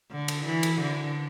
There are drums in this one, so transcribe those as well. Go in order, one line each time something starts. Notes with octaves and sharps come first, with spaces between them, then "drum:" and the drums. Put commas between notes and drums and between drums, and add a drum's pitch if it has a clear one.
D3
drum: cymbal
E3
drum: cymbal
D3